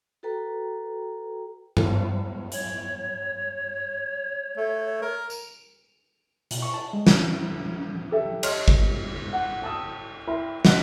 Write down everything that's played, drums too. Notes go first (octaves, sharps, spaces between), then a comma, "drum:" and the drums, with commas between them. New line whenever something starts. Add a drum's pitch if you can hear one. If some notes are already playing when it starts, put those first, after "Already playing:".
F#4 A4 B4 G5 A#5
drum: tom G2
C#5, drum: hi-hat
A3
A#4
drum: tambourine
B2, drum: hi-hat
C#6
A5
G#3
drum: snare
G4 A4 E5 G5
G4 C#5 D#5 A5 C6 F6, drum: cymbal
drum: kick
F#5
G5 A5 D#6 E6
E4 A#4 E5 G5 B5 C6
D#5 F#5 C6 F#6 B6, drum: snare